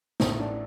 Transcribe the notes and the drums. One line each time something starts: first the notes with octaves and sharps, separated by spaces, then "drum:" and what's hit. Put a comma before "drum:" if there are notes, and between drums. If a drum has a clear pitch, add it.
A1 A2 A3 D#4, drum: snare
D4